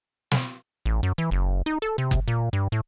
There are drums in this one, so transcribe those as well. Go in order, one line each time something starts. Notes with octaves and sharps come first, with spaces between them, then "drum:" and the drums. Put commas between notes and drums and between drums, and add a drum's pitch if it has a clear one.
drum: snare
A1
F#2
E3
F#1
D#4
A4
C3
drum: kick F#1
A#2
G2
A2